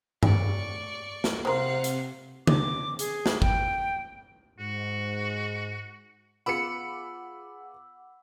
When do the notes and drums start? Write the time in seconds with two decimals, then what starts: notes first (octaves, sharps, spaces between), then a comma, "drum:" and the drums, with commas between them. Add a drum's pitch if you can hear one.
0.23 D5 C#6, drum: tom G2
1.24 drum: snare
1.45 C3 G#3 A#4 C5 F5 F#5 C6
1.84 drum: hi-hat
2.47 D6, drum: tom C#3
2.99 G#4, drum: hi-hat
3.26 drum: snare
3.42 G5, drum: kick G#1
4.59 G#2 F#4
6.46 B3 F4 G#4 F#5 B5 D6 E6 C#7